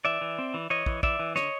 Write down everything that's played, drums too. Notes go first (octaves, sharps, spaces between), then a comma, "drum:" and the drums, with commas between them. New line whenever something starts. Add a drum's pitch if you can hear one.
E3 D5 E5
E3
C4
E3
E3 C#5 D#5
E3, drum: kick
E3 D5 E5, drum: kick
E3
D3 C#5 D#5, drum: snare